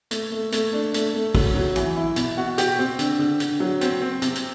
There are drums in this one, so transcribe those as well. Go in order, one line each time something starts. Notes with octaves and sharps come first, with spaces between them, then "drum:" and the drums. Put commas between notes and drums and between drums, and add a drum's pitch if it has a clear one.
A3, drum: hi-hat
A3
A3, drum: hi-hat
D4
A3, drum: hi-hat
A3
F#3, drum: kick, open hi-hat
F#3
E3, drum: hi-hat
E4
B2, drum: hi-hat
F#4
G4, drum: hi-hat
C4
D3, drum: hi-hat
D3
D3, drum: hi-hat
F#3
C4, drum: hi-hat
C4
C3, drum: hi-hat
drum: hi-hat